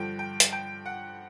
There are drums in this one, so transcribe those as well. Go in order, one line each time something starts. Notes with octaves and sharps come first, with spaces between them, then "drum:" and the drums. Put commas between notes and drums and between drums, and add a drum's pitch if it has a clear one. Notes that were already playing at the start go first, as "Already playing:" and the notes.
Already playing: G2 D3 F3 G5
G5
drum: hi-hat
G5
F#5